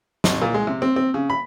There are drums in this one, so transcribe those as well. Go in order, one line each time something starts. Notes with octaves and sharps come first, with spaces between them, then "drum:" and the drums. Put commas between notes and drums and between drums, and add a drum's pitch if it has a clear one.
G#1, drum: snare
A#2
G#3
C3
C4
C4
C#3
B5